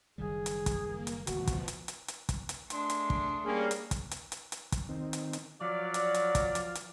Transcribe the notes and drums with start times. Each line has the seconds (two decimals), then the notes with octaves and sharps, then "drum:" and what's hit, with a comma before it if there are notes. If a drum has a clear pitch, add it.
0.18 F#1 D#3 G3 G#4
0.46 drum: hi-hat
0.66 drum: kick, hi-hat
0.83 A#3
1.07 drum: hi-hat
1.27 D#1 D2 B2 F3 F#4, drum: hi-hat
1.47 drum: kick, hi-hat
1.68 drum: hi-hat
1.88 drum: hi-hat
2.08 drum: hi-hat
2.29 drum: kick, hi-hat
2.49 drum: hi-hat
2.70 G#3 A3 D4 C6, drum: hi-hat
2.90 drum: hi-hat
3.10 drum: kick
3.45 G3 A#3 C#4 G#4 F5
3.71 drum: hi-hat
3.91 drum: kick, hi-hat
4.11 drum: hi-hat
4.32 drum: hi-hat
4.52 drum: hi-hat
4.72 drum: kick, hi-hat
4.89 D#3 C4
5.13 drum: hi-hat
5.33 drum: hi-hat
5.61 F3 F#3 D5 F5
5.94 drum: hi-hat
6.14 drum: hi-hat
6.35 drum: kick, hi-hat
6.55 drum: hi-hat
6.75 drum: hi-hat